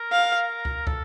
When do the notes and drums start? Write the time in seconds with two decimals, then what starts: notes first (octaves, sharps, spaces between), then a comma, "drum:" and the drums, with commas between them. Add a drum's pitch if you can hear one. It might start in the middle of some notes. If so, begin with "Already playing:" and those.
Already playing: A#4
0.12 F5
0.65 drum: kick
0.87 A4, drum: kick